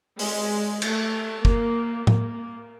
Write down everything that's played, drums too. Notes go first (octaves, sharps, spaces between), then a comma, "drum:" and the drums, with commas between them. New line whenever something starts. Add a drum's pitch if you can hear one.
G#3, drum: open hi-hat
A3, drum: cymbal
A#3, drum: kick
A#3, drum: tom A2